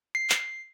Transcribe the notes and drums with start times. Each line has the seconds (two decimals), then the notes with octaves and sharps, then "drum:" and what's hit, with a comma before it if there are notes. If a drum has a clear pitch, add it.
0.15 C7
0.30 drum: clap